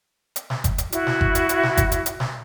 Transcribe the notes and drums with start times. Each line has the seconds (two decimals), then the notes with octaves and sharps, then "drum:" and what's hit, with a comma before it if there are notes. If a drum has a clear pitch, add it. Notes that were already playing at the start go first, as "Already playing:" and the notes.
0.36 drum: hi-hat
0.50 drum: snare
0.64 drum: kick G1, hi-hat
0.78 drum: hi-hat
0.92 E4 F#4, drum: hi-hat
1.07 drum: snare
1.21 drum: kick G1
1.35 drum: hi-hat
1.49 drum: hi-hat
1.63 drum: snare
1.77 drum: kick G1, hi-hat
1.92 drum: hi-hat
2.06 drum: hi-hat
2.20 drum: snare